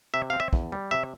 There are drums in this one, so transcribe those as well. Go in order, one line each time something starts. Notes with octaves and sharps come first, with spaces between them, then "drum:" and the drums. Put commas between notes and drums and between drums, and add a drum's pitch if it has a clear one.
C3 E5
C4 F5
E5
E2, drum: kick
G3
C3 E5